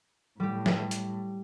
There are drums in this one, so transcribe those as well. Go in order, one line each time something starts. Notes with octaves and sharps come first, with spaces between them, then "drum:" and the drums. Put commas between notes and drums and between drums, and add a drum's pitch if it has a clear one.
A2 G3 G4
drum: snare
drum: hi-hat